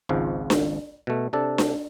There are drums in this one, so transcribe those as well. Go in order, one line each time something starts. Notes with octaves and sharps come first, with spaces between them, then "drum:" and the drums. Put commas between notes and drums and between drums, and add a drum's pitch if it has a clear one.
G#1 C#2 G#2 F3
drum: snare D4
B2 A3
C3 D4 A4
drum: snare D4